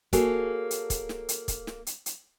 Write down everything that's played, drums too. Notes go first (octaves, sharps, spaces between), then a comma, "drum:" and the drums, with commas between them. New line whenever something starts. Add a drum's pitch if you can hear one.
A#3 F#4 G#4 A4 C#5, drum: kick, hi-hat
drum: hi-hat
drum: kick, hi-hat
drum: snare
drum: hi-hat
drum: kick, hi-hat
drum: snare
drum: hi-hat
drum: hi-hat